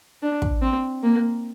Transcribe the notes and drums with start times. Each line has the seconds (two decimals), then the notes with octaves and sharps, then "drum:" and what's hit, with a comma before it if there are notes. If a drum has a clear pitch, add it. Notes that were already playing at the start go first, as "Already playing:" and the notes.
0.22 D4
0.42 drum: kick
0.62 C4
1.03 A#3